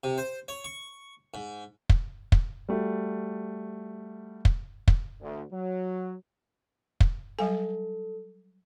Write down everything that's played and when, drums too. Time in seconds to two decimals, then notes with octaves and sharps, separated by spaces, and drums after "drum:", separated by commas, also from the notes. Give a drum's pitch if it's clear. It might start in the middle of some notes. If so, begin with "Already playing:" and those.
0.04 C3
0.18 C5
0.48 C#5
0.64 C#6
1.34 G#2
1.89 drum: kick
2.32 drum: kick
2.69 G3 A3 F#4
4.45 drum: kick
4.88 drum: kick
5.21 D2
5.51 F#3
7.00 drum: kick
7.39 F#3 G3 A4 G#5